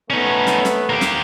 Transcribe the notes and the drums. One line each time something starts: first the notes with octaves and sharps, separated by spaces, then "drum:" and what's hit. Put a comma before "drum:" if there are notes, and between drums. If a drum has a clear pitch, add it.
A3 B3 C#4 D#4
drum: snare
drum: snare
A#3 G4
drum: snare